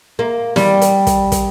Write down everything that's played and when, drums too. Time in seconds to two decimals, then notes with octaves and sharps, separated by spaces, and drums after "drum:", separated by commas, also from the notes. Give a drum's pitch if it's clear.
0.19 A#3
0.56 G3, drum: snare
0.81 drum: hi-hat
1.07 drum: kick, hi-hat
1.32 drum: kick, hi-hat